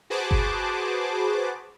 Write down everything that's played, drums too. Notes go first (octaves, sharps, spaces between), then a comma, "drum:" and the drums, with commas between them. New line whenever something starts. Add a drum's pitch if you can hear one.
F#4 G#4 B4 C5 A5 D6
drum: kick G1